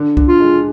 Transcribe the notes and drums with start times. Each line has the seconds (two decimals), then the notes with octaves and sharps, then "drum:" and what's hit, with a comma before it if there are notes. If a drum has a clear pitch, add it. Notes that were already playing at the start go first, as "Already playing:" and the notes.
Already playing: D3
0.17 D3, drum: kick
0.28 F4
0.40 G#3